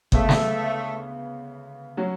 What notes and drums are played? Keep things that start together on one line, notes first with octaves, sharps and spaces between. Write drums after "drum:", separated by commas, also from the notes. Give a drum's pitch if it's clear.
D2 C#3 G#3 A3 B3, drum: kick G1
drum: snare
F#3 C#4 F#4